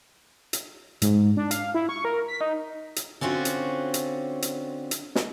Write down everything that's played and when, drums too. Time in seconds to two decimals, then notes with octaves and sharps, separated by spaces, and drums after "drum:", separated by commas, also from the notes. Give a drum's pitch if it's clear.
0.53 drum: hi-hat
1.02 G#2, drum: hi-hat
1.37 D4
1.51 F5, drum: hi-hat
1.75 E4
1.89 C#6
2.05 A#4
2.28 B6
2.41 D#4
2.96 drum: hi-hat
3.21 D3 C4 C#4 F4 F#4
3.45 drum: hi-hat
3.94 drum: hi-hat
4.42 drum: hi-hat
4.91 drum: hi-hat
5.15 drum: snare